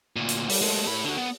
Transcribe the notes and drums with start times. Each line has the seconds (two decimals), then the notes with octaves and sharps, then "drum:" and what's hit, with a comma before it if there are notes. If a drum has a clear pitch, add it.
0.16 D2 A#2
0.29 drum: hi-hat
0.49 G3, drum: open hi-hat
0.61 G#3 A3
0.87 A2 B5
1.05 D3 F#4
1.18 B3